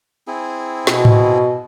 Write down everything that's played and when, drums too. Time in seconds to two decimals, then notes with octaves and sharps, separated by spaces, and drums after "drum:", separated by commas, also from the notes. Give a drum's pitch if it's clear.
0.27 C4 E4 G#4
0.87 B2, drum: snare
1.05 drum: tom G#2